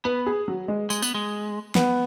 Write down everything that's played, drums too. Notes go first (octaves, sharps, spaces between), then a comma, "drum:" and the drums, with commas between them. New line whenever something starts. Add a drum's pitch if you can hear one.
B3 B4
G#4
F#3
G#3
G#3, drum: tambourine
B3, drum: tambourine
G#3
B3, drum: snare